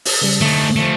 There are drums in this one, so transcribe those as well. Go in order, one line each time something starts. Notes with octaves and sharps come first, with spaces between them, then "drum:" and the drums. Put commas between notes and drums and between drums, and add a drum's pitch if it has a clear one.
drum: open hi-hat
C#3 G3
D3 A3 D#4
F3 A3